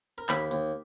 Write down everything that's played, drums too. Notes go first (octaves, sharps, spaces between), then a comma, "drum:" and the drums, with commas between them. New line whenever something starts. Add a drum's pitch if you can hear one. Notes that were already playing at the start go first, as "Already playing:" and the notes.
A#4
D#2 B4, drum: clap
D#2, drum: hi-hat